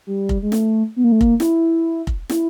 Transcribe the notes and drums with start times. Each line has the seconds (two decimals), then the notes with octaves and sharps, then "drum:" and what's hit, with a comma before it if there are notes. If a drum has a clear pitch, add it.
0.07 G3
0.29 drum: kick F1
0.43 G#3
0.52 A3, drum: snare
0.96 B3
1.04 A#3
1.12 A3
1.21 A#3, drum: kick F1
1.40 E4, drum: snare
2.07 drum: kick F1
2.30 E4, drum: snare